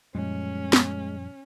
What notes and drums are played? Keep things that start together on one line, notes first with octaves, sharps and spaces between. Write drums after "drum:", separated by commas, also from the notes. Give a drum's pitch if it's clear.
F#2 A#2 F3 G3 G#3 C#4
drum: snare